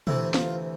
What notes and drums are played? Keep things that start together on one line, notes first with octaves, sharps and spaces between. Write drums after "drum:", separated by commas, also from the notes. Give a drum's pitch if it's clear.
D2 C3 E3 E4, drum: tom
F4, drum: snare